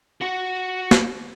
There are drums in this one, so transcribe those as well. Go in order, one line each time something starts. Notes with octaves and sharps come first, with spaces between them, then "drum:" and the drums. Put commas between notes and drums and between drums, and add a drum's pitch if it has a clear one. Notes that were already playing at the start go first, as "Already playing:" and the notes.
F#4 F#5
drum: snare